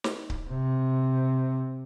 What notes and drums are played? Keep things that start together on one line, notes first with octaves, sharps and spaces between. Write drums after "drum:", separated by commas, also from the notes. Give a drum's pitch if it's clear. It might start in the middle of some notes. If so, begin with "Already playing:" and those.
drum: snare
drum: kick C#1
C3